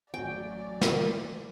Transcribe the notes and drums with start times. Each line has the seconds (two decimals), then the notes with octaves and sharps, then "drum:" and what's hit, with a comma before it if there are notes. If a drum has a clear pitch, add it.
0.14 A1 F#3 F#4 D5 G5 G#5
0.81 drum: snare